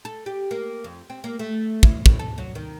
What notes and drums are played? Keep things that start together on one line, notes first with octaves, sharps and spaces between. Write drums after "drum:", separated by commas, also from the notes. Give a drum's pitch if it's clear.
A4
G4
A#3
F2
C4
A#3
A3
E4, drum: kick
A2, drum: kick
A4
F#3
D#3